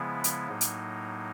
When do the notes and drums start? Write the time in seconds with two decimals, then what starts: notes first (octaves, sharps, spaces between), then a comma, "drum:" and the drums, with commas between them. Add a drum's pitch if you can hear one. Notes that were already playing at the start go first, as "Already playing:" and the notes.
Already playing: C#3 F3 G#3 B3 E4
0.24 drum: hi-hat
0.48 A2 F#3 A#3 D#4
0.61 drum: hi-hat